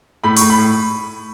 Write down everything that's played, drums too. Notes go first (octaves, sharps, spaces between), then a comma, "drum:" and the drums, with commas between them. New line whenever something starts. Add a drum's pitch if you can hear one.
A2 B5
A2 C#6, drum: open hi-hat
B5
A2